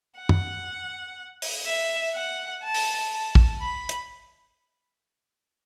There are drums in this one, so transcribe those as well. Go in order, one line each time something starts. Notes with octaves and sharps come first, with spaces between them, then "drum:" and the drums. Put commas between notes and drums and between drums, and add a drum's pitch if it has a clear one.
F#5
drum: tom
drum: open hi-hat
E5
F#5
A5
drum: open hi-hat
A5
drum: kick
B5
drum: hi-hat